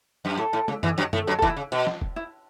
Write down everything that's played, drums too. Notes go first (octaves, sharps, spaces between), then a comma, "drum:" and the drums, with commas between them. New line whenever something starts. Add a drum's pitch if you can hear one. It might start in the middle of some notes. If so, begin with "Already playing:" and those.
F#2
A2 A4
A2
C#3, drum: tom
E2 E3, drum: tom
F#2 F#3
A2 A3, drum: tom
F#2 F#3 A4
A4
E2 E3, drum: kick E1
E4
C#3
B2
drum: snare
drum: kick E1
E4